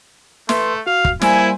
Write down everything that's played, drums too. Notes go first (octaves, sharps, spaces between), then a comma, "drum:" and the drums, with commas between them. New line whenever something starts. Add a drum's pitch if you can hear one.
A3 B4 E5 C6, drum: snare
F#4 F5
drum: kick
G3 A#3 E4 C5 G#5, drum: snare